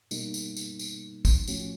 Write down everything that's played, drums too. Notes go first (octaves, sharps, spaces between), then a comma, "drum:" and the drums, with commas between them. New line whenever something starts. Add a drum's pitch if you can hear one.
B2 G3 A#3 D#4, drum: tambourine
drum: tambourine
drum: tambourine
drum: tambourine
drum: kick, tambourine
A2 F3 A3 C#4 F#4, drum: tambourine